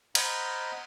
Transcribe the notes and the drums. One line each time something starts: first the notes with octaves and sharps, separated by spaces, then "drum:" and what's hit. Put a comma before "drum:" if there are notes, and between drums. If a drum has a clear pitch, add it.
C5 D#5 F#5 A#5 B5 F6, drum: cymbal